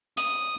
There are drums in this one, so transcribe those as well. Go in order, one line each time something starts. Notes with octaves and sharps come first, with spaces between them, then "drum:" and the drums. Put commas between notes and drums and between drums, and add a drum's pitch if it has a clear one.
D#6, drum: hi-hat